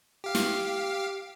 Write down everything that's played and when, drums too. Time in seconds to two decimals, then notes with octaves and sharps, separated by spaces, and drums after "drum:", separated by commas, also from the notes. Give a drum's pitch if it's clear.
0.24 G4 F5
0.35 drum: snare